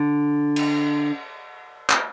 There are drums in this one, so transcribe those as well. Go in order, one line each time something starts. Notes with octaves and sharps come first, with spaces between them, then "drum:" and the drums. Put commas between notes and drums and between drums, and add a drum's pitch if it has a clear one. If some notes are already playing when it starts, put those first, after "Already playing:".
Already playing: D3
drum: cymbal
drum: clap